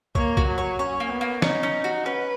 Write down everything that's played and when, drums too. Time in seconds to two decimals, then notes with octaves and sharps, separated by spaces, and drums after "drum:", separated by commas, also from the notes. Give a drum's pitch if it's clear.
0.15 A#3 C#5, drum: kick
0.37 F#4, drum: kick
0.47 F#3
0.58 C#5
0.79 C#4 C#5
1.00 A#3
1.11 B3
1.21 A#3
1.42 C#4 D#4, drum: snare
1.63 C#4
1.84 F#4
2.05 C#4 B4